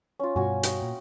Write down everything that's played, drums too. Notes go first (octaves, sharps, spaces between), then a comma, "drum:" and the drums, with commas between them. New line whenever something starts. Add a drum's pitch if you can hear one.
C#4 F4
G2 B2 F#4 F5 G#5
D#5 G5, drum: hi-hat
A#2